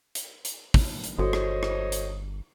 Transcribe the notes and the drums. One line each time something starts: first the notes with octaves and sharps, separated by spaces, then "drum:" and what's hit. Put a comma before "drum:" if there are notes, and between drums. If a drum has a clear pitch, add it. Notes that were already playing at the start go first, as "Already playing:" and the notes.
drum: hi-hat
drum: hi-hat
drum: kick, open hi-hat
drum: hi-hat
G1 F#4 A4 C5 C#5 D#5
drum: rim click
drum: rim click
drum: hi-hat